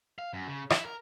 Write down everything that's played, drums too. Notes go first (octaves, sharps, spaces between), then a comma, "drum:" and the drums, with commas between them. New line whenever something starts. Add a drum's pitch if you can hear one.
F5
F#2
C#3
E4, drum: rim click
A#4